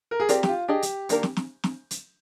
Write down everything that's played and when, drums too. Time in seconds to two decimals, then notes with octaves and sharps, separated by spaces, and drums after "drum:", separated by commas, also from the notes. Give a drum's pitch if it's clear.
0.11 A#4
0.20 G#4
0.29 C4 F4 G4 A#4 D5, drum: hi-hat
0.43 G4, drum: snare
0.48 F4
0.68 D4 G4 G#4 D#5
0.82 drum: hi-hat
1.09 D#3 A#3 D4 F4 A#4, drum: hi-hat
1.23 drum: snare
1.37 drum: snare
1.64 drum: snare
1.91 drum: hi-hat